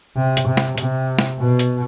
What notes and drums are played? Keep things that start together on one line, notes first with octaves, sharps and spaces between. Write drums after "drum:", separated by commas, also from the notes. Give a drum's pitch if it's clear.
C3
drum: hi-hat
C3
drum: snare
C3, drum: hi-hat
drum: snare
B2
drum: hi-hat